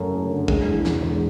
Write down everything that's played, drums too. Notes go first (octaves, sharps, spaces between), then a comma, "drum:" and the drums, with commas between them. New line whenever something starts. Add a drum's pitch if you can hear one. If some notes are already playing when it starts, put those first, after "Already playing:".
Already playing: F#2 A3
F#1
D3
G#3, drum: kick
E2
E1, drum: snare
D3